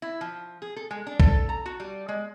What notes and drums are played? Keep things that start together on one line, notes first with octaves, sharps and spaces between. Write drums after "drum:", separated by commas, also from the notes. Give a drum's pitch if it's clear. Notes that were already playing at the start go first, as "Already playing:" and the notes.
E4
F3
G#4
A4
G#3
D4
A4, drum: kick
A#5
F#4
G3
G#3